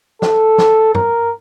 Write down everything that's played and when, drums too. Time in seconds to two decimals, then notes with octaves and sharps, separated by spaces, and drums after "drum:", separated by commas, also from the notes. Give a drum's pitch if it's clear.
0.22 A4, drum: snare
0.58 drum: snare
0.95 A#4, drum: tom G2